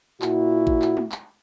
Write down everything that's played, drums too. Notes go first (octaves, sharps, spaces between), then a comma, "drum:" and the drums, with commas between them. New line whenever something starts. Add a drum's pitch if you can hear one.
A#2 E4 F#4, drum: clap
drum: kick A1
drum: clap
drum: tom G#3
drum: clap